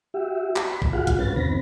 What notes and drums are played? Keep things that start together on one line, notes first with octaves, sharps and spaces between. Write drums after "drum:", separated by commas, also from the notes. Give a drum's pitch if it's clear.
F#4 G4 E5
B5, drum: clap
drum: kick
F4 F#4 G#4 F5 F#5
drum: kick, hi-hat
G#2 C#4 B4 A6
E2 C3 D#3 C4 B5 A#6